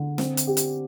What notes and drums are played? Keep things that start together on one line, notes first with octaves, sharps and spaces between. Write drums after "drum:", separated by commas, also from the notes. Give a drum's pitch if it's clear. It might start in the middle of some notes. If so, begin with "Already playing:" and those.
Already playing: D3
C4, drum: snare
drum: hi-hat
G4
drum: hi-hat